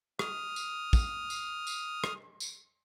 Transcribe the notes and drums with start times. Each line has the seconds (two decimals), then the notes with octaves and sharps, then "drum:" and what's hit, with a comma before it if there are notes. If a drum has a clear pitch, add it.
0.19 D#6 F6, drum: rim click
0.56 drum: tambourine
0.93 drum: kick, tambourine
1.30 drum: tambourine
1.67 drum: tambourine
2.04 drum: rim click
2.40 drum: tambourine